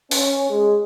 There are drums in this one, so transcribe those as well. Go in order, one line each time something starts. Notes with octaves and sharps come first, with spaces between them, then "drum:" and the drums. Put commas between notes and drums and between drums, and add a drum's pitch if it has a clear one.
C#4, drum: open hi-hat
G#3